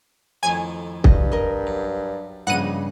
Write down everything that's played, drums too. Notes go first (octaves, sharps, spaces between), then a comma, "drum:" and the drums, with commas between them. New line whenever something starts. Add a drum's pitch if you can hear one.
F2 A2 D#3 G#5
G2 D#5, drum: kick
A#4 D#5
F#2
A#1 G2 C#3 D#5 F#5 D#7